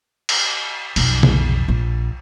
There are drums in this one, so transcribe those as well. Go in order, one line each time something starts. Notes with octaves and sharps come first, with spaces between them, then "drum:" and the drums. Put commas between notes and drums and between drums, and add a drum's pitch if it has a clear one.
drum: cymbal
B1 F2, drum: cymbal
drum: tom
A#1